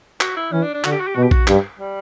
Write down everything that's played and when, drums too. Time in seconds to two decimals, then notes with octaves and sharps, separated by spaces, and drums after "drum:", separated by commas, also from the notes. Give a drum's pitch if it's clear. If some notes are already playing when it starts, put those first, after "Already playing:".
0.21 F#4, drum: clap
0.37 E4
0.52 E3 C#4
0.63 D4
0.74 D4
0.84 D3 F#4, drum: clap
0.92 G4
1.00 F#4
1.07 G4
1.16 B2 F#4
1.23 G4
1.31 F#4, drum: kick A#1
1.47 G2, drum: clap
1.79 G3